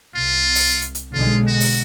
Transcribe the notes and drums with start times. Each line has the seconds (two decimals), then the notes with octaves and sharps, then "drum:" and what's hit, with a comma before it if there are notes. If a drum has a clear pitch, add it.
0.15 C2 F4
0.55 drum: open hi-hat
0.82 drum: hi-hat
0.95 drum: hi-hat
1.13 B1 D3 G#3 F4
1.47 F#4
1.60 drum: open hi-hat